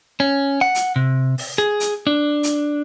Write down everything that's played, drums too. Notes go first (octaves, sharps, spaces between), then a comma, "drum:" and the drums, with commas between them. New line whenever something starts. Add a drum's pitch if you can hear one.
C#4
F#5
drum: hi-hat
C3
drum: open hi-hat
G#4
drum: hi-hat
D4
drum: hi-hat